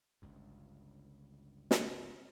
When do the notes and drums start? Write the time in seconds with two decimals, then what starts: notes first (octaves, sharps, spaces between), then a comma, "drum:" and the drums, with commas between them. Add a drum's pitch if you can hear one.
0.22 G1 C#2 G2
1.71 drum: snare